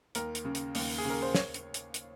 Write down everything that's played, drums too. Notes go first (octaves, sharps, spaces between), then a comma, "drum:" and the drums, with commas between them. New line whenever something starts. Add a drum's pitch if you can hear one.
D#2 A#4, drum: hi-hat
drum: hi-hat
C#3
drum: hi-hat
D#2, drum: open hi-hat
G#4
C#3
A#4
C5
C#5, drum: snare
drum: hi-hat
drum: hi-hat
drum: hi-hat